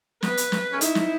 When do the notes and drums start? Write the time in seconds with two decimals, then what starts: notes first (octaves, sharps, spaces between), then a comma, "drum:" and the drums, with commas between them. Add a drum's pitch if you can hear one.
0.23 B3 B4, drum: snare
0.37 drum: hi-hat
0.52 drum: snare
0.72 C#4
0.81 D#4 E4, drum: hi-hat
0.95 drum: snare